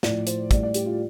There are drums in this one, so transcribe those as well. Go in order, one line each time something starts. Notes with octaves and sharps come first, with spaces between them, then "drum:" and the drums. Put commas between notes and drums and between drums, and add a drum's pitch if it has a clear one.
A2 F3 D5, drum: snare
C5, drum: hi-hat
A2 G3 D5, drum: kick, hi-hat
D5
G4, drum: hi-hat
F4